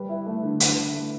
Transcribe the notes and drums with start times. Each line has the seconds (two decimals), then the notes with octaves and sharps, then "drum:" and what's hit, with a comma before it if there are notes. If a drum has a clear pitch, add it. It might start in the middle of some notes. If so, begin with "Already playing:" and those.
Already playing: G3 B4
0.09 E4
0.26 A3
0.43 D3
0.60 B4, drum: hi-hat
0.77 E4
0.94 A3